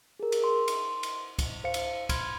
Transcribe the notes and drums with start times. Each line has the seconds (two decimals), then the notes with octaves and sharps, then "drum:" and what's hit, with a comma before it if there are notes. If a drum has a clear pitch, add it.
0.20 G#4 A#4
0.32 drum: cymbal
0.44 C6
0.68 drum: cymbal
1.03 drum: cymbal
1.39 drum: kick, cymbal
1.64 C5 F5 C#7
1.74 drum: cymbal
2.09 B5 C6 F6 G#6, drum: kick, cymbal